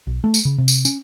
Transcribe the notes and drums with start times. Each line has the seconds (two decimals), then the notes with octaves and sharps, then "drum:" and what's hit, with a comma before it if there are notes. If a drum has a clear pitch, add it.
0.07 B1
0.24 A3
0.34 drum: tambourine
0.45 C#3
0.58 C3
0.68 drum: tambourine
0.85 C#4, drum: tambourine